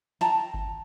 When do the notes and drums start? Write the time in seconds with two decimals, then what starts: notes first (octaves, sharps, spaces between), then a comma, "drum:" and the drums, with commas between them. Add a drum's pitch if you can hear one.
0.21 G5 A5 A#5, drum: snare
0.54 drum: kick G1